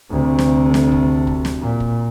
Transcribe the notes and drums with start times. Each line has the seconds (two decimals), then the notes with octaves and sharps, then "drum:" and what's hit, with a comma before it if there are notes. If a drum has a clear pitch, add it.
0.11 D2 C3
0.39 drum: snare
0.74 drum: snare
0.92 drum: kick
1.27 drum: kick
1.45 drum: snare
1.62 A#2
1.80 drum: kick